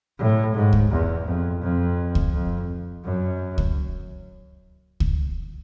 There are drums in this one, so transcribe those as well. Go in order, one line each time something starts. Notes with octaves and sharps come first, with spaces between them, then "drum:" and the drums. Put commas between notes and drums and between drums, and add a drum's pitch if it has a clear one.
A2
G#2
drum: kick C#2
E2
F2
F2
drum: kick C#2
F2
F#2
drum: kick C#2
drum: kick C#2